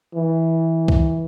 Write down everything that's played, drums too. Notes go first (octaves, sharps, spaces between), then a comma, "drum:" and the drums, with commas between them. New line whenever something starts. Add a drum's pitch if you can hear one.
E3
drum: kick